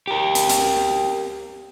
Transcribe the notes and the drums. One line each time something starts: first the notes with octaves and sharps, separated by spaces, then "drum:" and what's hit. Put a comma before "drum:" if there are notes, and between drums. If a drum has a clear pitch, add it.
G4 A#4
drum: hi-hat
drum: hi-hat